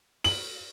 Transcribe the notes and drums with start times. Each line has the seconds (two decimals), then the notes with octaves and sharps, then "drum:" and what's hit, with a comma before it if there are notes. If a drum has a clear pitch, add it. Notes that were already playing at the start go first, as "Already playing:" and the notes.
0.24 F#7, drum: open hi-hat